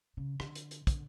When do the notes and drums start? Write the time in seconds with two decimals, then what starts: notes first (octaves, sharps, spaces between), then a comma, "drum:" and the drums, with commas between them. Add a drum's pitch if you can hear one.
0.17 C#3
0.40 D3, drum: rim click
0.55 drum: hi-hat
0.71 drum: hi-hat
0.87 D3, drum: kick, hi-hat